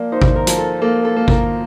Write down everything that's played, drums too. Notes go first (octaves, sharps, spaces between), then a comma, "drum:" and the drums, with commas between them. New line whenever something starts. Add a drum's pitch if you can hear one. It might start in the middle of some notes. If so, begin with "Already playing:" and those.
Already playing: F3 A#3 D5
D#4 C5
drum: kick G#1
A#4
F3, drum: hi-hat
A4
A#3 A4
A4
A#3
A#4, drum: kick G#1